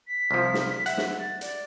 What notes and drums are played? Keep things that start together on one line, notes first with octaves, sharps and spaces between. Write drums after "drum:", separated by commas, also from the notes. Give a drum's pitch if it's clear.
B6
C2 F3
drum: snare
E5 F#5, drum: hi-hat
drum: snare
A6
D5, drum: hi-hat